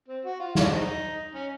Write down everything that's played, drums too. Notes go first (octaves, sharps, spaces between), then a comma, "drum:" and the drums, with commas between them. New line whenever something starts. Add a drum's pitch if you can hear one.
C4
F#4
F4
E4, drum: snare
D4
G#3 C4 D#4
C#4